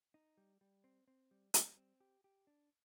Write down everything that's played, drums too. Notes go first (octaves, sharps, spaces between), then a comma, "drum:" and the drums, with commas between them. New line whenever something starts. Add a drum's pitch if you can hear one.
D#4
G3
G3
C4
C4
G3
G3, drum: hi-hat
C4
G4
G4
D4